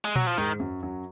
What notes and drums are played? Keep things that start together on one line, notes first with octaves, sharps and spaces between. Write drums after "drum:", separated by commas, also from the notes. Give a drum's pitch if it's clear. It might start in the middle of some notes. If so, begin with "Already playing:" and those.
G#3
F#3, drum: tom A#2
F3
G#2 D#3 G#3
F#2 F#3
F#2 F#3